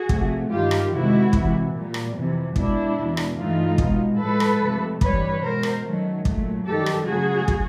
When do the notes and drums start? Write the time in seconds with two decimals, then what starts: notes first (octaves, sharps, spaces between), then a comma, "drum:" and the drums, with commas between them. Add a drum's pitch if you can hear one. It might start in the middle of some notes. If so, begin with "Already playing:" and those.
Already playing: F#4 G#4
0.09 C3 F3 A3, drum: kick
0.50 G2 D#3 G3 F4 G4
0.71 drum: rim click
0.91 F2 C3 D#3 G#3 E4 F#4
1.33 C3 E3 G#3, drum: kick
1.74 A#2 G3
1.94 drum: rim click
2.14 F2 C3 E3
2.56 B2 G#3 D4 E4, drum: kick
2.97 E2 B2 G#3
3.17 drum: rim click
3.37 G2 E3 A3 D#4 F4
3.78 B2 G#3, drum: kick
4.19 A2 F3 G#3 A4 B4
4.40 drum: rim click
4.61 F2 C3 F3 A3
5.01 G2 E3 G3 B4 C#5, drum: kick
5.43 B2 G#3 A#4 C5
5.63 drum: rim click
5.84 F#2 D#3 F#3 A3
6.25 A#2 F#3 A3, drum: kick
6.66 F#2 D#3 G3 G4 A4
6.86 drum: rim click
7.06 F#2 C#3 F#3 A3 F#4 G#4
7.48 drum: kick